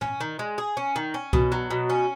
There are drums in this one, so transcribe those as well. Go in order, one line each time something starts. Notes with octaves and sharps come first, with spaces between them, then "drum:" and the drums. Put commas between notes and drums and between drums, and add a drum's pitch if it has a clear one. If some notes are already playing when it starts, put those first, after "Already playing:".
C#4, drum: tom
D#3
G#3
G#4
C#4
D#3
C#4
B2, drum: kick C2
F#3
B2
C#4